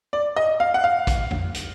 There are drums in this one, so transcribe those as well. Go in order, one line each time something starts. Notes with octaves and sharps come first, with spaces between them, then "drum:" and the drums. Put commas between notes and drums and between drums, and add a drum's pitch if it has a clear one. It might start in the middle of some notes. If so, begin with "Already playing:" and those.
D5
D#5
F5
F#5
F5
drum: kick, hi-hat
drum: tom F2
drum: hi-hat